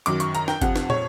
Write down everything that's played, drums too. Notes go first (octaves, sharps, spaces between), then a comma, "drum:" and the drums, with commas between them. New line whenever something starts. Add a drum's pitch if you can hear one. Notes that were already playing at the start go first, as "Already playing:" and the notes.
F#2 D#3 F#3 D6, drum: hi-hat
C#6, drum: hi-hat
A#5, drum: hi-hat
G5, drum: snare
F2 C3 F3 F#5, drum: kick G1, hi-hat
drum: snare
C#5, drum: tom